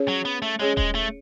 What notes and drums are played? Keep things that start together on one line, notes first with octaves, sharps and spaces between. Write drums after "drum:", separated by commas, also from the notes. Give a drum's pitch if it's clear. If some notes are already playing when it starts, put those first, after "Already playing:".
Already playing: C#4 G#4 C#5
F#3
B3
A3
G#3 C#4 G#4 C#5
G#3, drum: kick D#1
A3